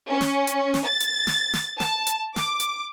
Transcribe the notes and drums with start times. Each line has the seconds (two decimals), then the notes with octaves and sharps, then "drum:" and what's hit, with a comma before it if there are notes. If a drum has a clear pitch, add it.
0.10 C#4
0.21 drum: snare
0.47 drum: hi-hat
0.74 drum: snare
0.87 A6
1.00 drum: hi-hat
1.27 drum: snare
1.53 drum: snare
1.80 A5, drum: snare
2.07 drum: hi-hat
2.36 D6, drum: snare
2.60 drum: hi-hat